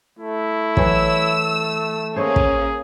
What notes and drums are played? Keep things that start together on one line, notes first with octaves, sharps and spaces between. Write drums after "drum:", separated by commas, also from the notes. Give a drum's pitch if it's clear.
A3 E4
E3 F#3 E6, drum: kick
A#3 C#4 G#4 C5 C#5 D#5
drum: kick